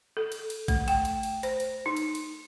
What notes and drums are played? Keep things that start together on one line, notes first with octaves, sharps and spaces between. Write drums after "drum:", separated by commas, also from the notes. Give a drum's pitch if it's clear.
A4
drum: cymbal
drum: cymbal
A3, drum: kick A1, cymbal
G5, drum: cymbal
drum: cymbal
drum: cymbal
C5, drum: cymbal
drum: cymbal
D#4
drum: cymbal
drum: cymbal